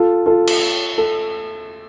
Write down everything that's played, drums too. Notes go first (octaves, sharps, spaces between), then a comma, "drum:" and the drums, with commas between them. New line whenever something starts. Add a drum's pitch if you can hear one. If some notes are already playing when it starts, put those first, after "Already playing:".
Already playing: F4 A4
F4 A4
drum: cymbal
A4